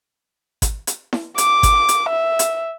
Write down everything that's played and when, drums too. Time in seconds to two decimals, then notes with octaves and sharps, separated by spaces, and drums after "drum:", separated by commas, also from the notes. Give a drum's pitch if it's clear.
0.62 drum: kick G#1, hi-hat
0.87 drum: hi-hat
1.13 drum: snare E4
1.38 D6, drum: hi-hat
1.63 drum: kick G#1, hi-hat
1.89 drum: hi-hat
2.09 E5
2.39 drum: hi-hat